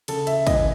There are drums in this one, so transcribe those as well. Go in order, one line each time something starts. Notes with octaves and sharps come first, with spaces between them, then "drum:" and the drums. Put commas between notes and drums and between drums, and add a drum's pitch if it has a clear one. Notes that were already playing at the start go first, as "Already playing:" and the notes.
C#3 A4, drum: cymbal
E5, drum: cymbal
E3 D#5, drum: kick, cymbal